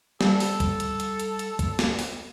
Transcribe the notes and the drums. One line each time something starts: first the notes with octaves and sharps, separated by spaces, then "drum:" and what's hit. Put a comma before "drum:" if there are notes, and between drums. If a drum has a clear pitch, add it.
G3 A4, drum: snare
drum: open hi-hat
drum: kick, hi-hat
drum: hi-hat
drum: hi-hat
drum: hi-hat
drum: hi-hat
drum: kick, hi-hat
drum: snare
drum: open hi-hat